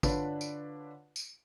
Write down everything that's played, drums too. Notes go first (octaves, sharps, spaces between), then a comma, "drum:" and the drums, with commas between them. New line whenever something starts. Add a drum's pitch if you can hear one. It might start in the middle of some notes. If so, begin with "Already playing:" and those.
D3 D4 F4 B4 C#5 D5, drum: kick, tambourine
drum: tambourine
drum: tambourine